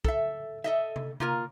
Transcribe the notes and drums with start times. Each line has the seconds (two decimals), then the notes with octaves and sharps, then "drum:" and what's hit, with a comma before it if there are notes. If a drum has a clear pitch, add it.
0.05 A4 E5, drum: kick
0.64 A4 D#5 E5
0.96 drum: tom C3
1.20 A#3 F4 A#4, drum: tom C3